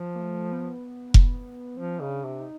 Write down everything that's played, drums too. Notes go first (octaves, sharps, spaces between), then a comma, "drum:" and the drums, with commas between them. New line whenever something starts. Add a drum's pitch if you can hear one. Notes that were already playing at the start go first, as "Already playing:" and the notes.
Already playing: F3
A#3
A3
B3
drum: kick F1
F3 C4
C#3 D#4
D4
C3
D#4